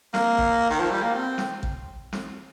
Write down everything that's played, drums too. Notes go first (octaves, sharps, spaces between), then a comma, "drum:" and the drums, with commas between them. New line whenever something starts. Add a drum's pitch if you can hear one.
A#3, drum: snare
drum: kick
D#3
F3
G3
A#3
C4
drum: snare
drum: kick
drum: snare